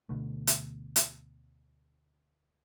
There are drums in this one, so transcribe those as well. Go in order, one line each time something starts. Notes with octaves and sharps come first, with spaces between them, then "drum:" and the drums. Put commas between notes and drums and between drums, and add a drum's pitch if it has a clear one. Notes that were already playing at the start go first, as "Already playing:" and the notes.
D2 B2 D3 A3
drum: hi-hat
drum: hi-hat